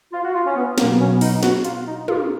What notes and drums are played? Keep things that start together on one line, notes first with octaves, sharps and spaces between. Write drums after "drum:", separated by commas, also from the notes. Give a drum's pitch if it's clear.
F4
F#4
F4
C#4
B3
B2 F#3 A#3 B3, drum: snare
C#4
D#4, drum: open hi-hat
F#4, drum: snare
F4, drum: hi-hat
D#4
F4, drum: tom